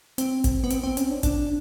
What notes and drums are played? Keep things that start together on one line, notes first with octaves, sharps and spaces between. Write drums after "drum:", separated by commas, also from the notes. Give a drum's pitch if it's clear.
C4, drum: hi-hat
drum: kick G#1, hi-hat
B3
C4, drum: hi-hat
C4
C#4, drum: hi-hat
D4
D4, drum: kick G#1, hi-hat